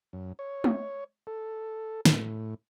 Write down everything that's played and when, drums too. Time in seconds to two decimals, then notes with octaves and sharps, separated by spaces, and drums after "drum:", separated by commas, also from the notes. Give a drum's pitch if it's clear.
0.13 F#2
0.39 C#5
0.64 drum: tom G#3
1.27 A4
2.05 A2, drum: snare